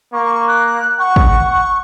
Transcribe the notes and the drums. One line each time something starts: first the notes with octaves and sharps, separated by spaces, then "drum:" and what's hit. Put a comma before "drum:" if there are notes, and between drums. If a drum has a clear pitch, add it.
A#3 C#6
F#6
F#5 C#6
drum: kick